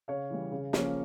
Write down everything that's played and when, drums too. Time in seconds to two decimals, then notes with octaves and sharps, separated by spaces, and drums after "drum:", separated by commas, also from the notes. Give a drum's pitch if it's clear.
0.08 C#3 C#5 F5
0.30 E3 G3
0.52 C#3
0.73 F3 A#3 C#4, drum: snare